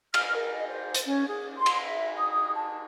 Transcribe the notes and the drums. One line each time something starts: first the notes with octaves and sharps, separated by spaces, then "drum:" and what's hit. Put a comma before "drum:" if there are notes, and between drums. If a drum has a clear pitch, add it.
F6, drum: cymbal
A#4
D#5
C5
drum: hi-hat
C#4
G#4
C6
drum: cymbal
E5
D#6
A5